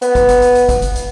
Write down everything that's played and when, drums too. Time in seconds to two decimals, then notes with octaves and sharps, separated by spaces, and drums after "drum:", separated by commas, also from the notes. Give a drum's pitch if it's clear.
0.02 B3, drum: hi-hat
0.15 drum: kick, hi-hat
0.29 drum: hi-hat
0.42 drum: hi-hat
0.55 drum: hi-hat
0.69 drum: kick, hi-hat
0.82 drum: hi-hat
0.95 drum: hi-hat